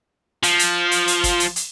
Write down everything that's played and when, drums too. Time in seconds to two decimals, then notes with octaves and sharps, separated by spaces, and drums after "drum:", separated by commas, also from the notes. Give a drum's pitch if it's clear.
0.43 F3, drum: hi-hat
0.59 drum: hi-hat
0.91 drum: hi-hat
1.08 drum: hi-hat
1.24 drum: kick G1, hi-hat
1.40 drum: hi-hat
1.56 drum: hi-hat